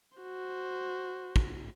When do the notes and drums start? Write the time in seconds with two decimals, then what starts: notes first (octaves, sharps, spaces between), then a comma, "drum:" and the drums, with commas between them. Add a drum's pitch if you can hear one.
0.18 F#4 C5
1.36 drum: kick